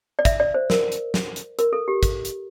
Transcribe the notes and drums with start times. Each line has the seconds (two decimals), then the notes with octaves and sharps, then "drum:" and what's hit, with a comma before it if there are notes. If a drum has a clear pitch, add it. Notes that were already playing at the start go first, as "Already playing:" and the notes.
0.19 D5
0.25 E5, drum: kick, hi-hat
0.40 D5
0.54 C5
0.70 A#4, drum: snare
0.92 drum: hi-hat
1.14 drum: snare
1.36 drum: hi-hat
1.59 A#4, drum: hi-hat
1.73 A4
1.88 G4
2.03 drum: kick, hi-hat
2.25 drum: hi-hat